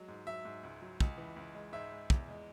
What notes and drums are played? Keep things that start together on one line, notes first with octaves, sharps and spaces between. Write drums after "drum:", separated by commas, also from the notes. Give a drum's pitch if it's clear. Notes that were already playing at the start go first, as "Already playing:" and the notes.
Already playing: F#3 G#3
G#2
F#3 E5
G#2
C#2
F#3
C#2, drum: kick
E3
C#2
G#3
G#2 E5
G#3
E2, drum: kick
G#3